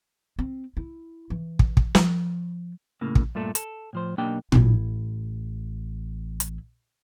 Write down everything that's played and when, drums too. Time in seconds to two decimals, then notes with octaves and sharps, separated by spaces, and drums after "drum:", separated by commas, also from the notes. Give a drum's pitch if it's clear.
0.39 C4
0.77 E4
1.30 E3
1.59 drum: kick
1.77 drum: kick
1.95 F3, drum: snare
3.01 A2 C#3 A#3
3.15 drum: kick
3.35 G2 A#2 A3 A4
3.55 A4, drum: hi-hat
3.93 A2 F3 C5
4.18 B1 A#3 D4 D#4 G4 G5
4.52 A1 E4, drum: tom A#2
6.40 drum: hi-hat